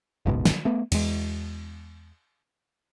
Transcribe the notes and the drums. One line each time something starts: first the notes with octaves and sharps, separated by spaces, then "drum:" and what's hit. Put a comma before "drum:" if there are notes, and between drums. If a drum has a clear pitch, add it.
F#1 C#2 G#2 B2
drum: snare
A3 B3
E2 G#3, drum: cymbal